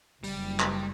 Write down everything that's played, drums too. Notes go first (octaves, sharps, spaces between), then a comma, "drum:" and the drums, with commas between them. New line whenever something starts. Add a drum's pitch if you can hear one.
F#1 G3, drum: open hi-hat
drum: clap